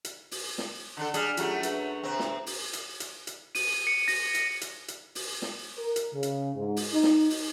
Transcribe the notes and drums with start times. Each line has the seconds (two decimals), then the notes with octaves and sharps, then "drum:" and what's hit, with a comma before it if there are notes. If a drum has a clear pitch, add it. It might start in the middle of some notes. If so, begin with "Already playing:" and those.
0.05 drum: hi-hat
0.31 drum: open hi-hat
0.58 drum: snare
0.97 D3 D4 A4
1.14 G3 D4 G#4 D5 G#5 F6, drum: hi-hat
1.37 F#2 F#3 A3 F4 G4 G#4, drum: hi-hat
1.63 D4 G#4 B4, drum: hi-hat
2.03 C3 C4
2.20 drum: snare
2.46 drum: open hi-hat
2.73 drum: hi-hat
3.00 drum: hi-hat
3.27 drum: hi-hat
3.55 D#7, drum: open hi-hat
3.87 C#7
4.08 A#6, drum: open hi-hat
4.35 drum: hi-hat
4.61 drum: hi-hat
4.88 drum: hi-hat
5.15 drum: open hi-hat
5.42 drum: snare
5.77 A#4
5.96 drum: hi-hat
6.14 C#3
6.23 drum: hi-hat
6.56 G#2
6.76 drum: open hi-hat
6.92 D#4
7.03 drum: snare
7.30 drum: open hi-hat